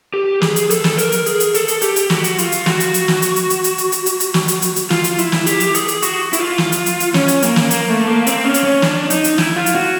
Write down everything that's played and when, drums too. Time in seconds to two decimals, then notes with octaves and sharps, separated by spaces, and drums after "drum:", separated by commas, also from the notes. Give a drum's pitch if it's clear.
0.14 G4
0.41 G#4, drum: snare
0.56 drum: hi-hat
0.70 A4, drum: hi-hat
0.84 drum: snare
0.98 A#4, drum: hi-hat
1.12 drum: hi-hat
1.26 G#4, drum: hi-hat
1.40 drum: hi-hat
1.54 A4, drum: hi-hat
1.68 drum: hi-hat
1.81 G4, drum: hi-hat
1.96 drum: hi-hat
2.10 F#4, drum: snare
2.24 drum: hi-hat
2.38 F4, drum: hi-hat
2.52 drum: hi-hat
2.66 F#4, drum: snare
2.80 drum: hi-hat
2.94 drum: hi-hat
3.08 drum: snare
3.22 drum: hi-hat
3.36 drum: hi-hat
3.50 drum: hi-hat
3.64 drum: hi-hat
3.78 drum: hi-hat
3.92 drum: hi-hat
4.06 drum: hi-hat
4.20 drum: hi-hat
4.34 drum: snare
4.48 drum: hi-hat
4.62 drum: hi-hat
4.76 drum: hi-hat
4.90 F4, drum: snare
5.04 drum: hi-hat
5.18 E4, drum: hi-hat
5.32 drum: snare
5.46 G4, drum: hi-hat
5.60 drum: hi-hat
5.74 G#4, drum: hi-hat
5.88 drum: hi-hat
6.02 F#4, drum: hi-hat
6.33 E4, drum: hi-hat
6.39 F4
6.58 drum: snare
6.72 drum: hi-hat
6.86 drum: hi-hat
7.00 drum: hi-hat
7.14 C#4, drum: snare
7.28 drum: hi-hat
7.42 A#3, drum: hi-hat
7.56 drum: snare
7.71 A#3, drum: hi-hat
7.89 A3
8.07 A#3
8.27 C4, drum: hi-hat
8.44 C#4
8.54 drum: hi-hat
8.64 C#4
8.82 D4, drum: snare
9.10 D#4, drum: hi-hat
9.24 drum: hi-hat
9.38 E4, drum: snare
9.56 F4
9.66 drum: hi-hat
9.75 F#4